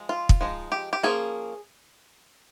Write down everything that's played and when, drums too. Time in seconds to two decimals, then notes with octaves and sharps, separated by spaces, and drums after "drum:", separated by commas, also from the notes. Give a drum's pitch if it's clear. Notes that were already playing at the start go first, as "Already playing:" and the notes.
Already playing: F3 G#3
0.09 F4
0.29 drum: kick
0.41 F3 G#3 D#4
0.72 G4
0.93 G4
1.03 F3 A#3 C#4 G#4